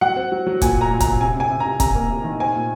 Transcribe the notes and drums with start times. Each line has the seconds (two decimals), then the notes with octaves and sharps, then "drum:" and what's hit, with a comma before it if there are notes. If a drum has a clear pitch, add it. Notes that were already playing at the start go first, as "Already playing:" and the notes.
0.01 F#3 F#5
0.16 C4
0.32 F#3
0.47 F#3
0.61 A#2 G#5, drum: kick, hi-hat
0.76 A#2
0.81 A#5
0.91 A#2
1.00 A#5, drum: kick, hi-hat
1.05 A#2
1.20 C3 G#5
1.36 C3 G#5
1.50 C3
1.60 A#5
1.65 C3
1.80 C3 A#5, drum: kick, hi-hat
1.95 A#3
2.11 C3
2.24 D#3
2.40 C4 G#5
2.55 A#2